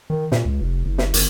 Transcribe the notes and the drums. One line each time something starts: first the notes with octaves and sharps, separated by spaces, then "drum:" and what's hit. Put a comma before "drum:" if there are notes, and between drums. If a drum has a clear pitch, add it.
D#3
A#2, drum: snare
C#2
F1
F#1
drum: snare
G1, drum: hi-hat